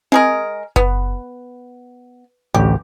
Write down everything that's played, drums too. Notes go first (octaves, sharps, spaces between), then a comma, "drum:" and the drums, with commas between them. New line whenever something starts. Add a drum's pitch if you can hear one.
G#3 G#4 A#4, drum: tom C4
B3, drum: kick F#1
A1 D2 G4